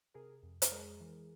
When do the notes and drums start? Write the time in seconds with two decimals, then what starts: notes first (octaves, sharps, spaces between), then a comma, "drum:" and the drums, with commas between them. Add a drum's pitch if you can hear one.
0.14 C3 G#4 A#4
0.43 F2
0.62 drum: hi-hat
0.71 G#3 G#4 A#4
1.00 E3